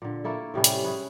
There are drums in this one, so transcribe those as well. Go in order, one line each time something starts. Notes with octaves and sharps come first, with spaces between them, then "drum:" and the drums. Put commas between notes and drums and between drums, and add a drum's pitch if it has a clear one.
A#2 D3
A3 A#3 E4 A4
A2 C3 G3 C#4
drum: hi-hat
E4 G#4 B4 C#5